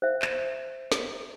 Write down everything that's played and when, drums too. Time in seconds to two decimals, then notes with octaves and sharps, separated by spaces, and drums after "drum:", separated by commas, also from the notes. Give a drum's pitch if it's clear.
0.02 C5 E5
0.22 drum: clap
0.92 drum: snare